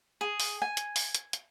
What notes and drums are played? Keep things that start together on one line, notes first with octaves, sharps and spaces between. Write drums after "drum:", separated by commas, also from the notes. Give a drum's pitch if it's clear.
G#4
drum: open hi-hat
G#5
drum: hi-hat
drum: open hi-hat
drum: hi-hat
drum: hi-hat